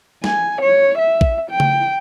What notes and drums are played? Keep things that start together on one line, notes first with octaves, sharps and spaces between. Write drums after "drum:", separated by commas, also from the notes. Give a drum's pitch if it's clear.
G#5, drum: snare
C#5
E5
drum: kick A#1
G5
drum: tom C#3